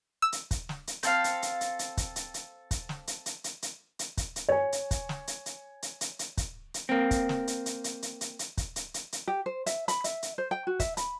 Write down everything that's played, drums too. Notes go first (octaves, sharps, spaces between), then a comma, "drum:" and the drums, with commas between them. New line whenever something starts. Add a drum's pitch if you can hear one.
E6
drum: hi-hat
drum: kick, hi-hat
drum: snare
drum: hi-hat
C4 A4 F5, drum: hi-hat
drum: hi-hat
drum: hi-hat
drum: hi-hat
drum: hi-hat
drum: kick, hi-hat
drum: hi-hat
drum: hi-hat
drum: kick, hi-hat
drum: snare
drum: hi-hat
drum: hi-hat
drum: hi-hat
drum: hi-hat
drum: hi-hat
drum: kick, hi-hat
drum: hi-hat
C#5 G#5
drum: hi-hat
drum: kick, hi-hat
drum: snare
drum: hi-hat
drum: hi-hat
drum: hi-hat
drum: hi-hat
drum: hi-hat
drum: kick, hi-hat
drum: hi-hat
A#3 C4
drum: kick, hi-hat
drum: snare
drum: hi-hat
drum: hi-hat
drum: hi-hat
drum: hi-hat
drum: hi-hat
drum: hi-hat
drum: kick, hi-hat
drum: hi-hat
drum: hi-hat
drum: hi-hat
G4
C5
E5, drum: hi-hat
B5, drum: hi-hat
E5, drum: hi-hat
drum: hi-hat
C5
G5
F#4
E5, drum: kick, hi-hat
B5, drum: hi-hat